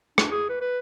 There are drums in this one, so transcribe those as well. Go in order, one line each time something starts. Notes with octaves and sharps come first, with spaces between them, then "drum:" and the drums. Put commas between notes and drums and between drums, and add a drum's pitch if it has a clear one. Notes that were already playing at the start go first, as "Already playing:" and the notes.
D4, drum: rim click
G#4
B4
B4